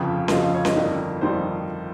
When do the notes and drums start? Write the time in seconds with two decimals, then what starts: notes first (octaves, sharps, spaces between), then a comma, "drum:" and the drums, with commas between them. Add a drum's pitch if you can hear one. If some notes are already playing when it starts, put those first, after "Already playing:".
Already playing: G1 F2 C#3 F3 G5
0.28 D#5, drum: snare C#4
0.32 G1 F2 C#3 F3 F5
0.43 F5
0.54 C#5
0.65 D#5, drum: snare C#4
0.76 G1 F2 D#3 G3 A#4
1.21 G1 F2 D#3 G3 C5